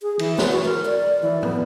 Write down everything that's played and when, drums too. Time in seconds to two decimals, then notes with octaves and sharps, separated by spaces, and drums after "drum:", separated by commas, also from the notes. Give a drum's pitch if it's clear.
0.02 G#4
0.19 E3, drum: cymbal
0.38 B4, drum: snare
0.52 F#4
0.65 A#4
0.85 D5
1.22 E3
1.43 B3, drum: tom